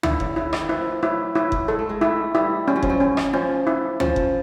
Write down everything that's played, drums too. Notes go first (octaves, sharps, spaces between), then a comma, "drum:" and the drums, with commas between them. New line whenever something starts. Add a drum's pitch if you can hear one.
D3 E4, drum: tom
C#3, drum: kick F#1
C#3 E4
D#3, drum: rim click
F3 E4
F#3 E4
F#3 E4
drum: kick F#1
G#3 A4
A3
G#3
A3 E4
G3 E4
G3 C#4
F#3
F3, drum: kick F#1
F#3
C#4
drum: rim click
F3 C#4
E4
F3 C#4, drum: tom
drum: kick F#1